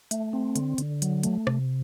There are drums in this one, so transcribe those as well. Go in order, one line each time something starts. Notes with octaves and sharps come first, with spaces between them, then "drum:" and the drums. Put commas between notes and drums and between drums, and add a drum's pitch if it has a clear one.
A3, drum: hi-hat
C4
D3, drum: hi-hat
D3, drum: hi-hat
F#3, drum: hi-hat
A3, drum: hi-hat
C3, drum: rim click